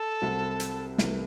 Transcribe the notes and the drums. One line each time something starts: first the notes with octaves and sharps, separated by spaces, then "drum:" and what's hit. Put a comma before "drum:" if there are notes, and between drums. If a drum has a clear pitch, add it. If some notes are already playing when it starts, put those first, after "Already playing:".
Already playing: A4
C2 C3 G3 C4 F#4
drum: hi-hat
C2 C3 E3 A3, drum: snare